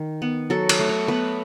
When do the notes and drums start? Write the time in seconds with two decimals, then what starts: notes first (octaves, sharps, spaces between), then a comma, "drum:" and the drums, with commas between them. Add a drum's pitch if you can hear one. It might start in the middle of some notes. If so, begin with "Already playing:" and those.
Already playing: D#3
0.22 B3
0.50 F#3 A4
0.69 B4, drum: cymbal
0.79 A3
0.89 C#5
1.08 B3 B4